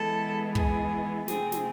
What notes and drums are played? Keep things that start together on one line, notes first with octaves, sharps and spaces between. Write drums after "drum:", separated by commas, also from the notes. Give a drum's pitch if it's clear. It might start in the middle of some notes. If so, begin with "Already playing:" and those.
Already playing: E3 G#3 B3 A4
G#4, drum: kick
C3 F3 A3 C4 G#4, drum: snare
drum: snare